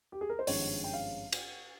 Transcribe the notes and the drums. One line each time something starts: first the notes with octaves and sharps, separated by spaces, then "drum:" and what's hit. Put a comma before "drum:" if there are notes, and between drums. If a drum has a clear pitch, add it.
G4
G#4
A#4
C5
G#1 G2 F3 G#3 C#4 C#5, drum: open hi-hat
G5
F5
drum: cymbal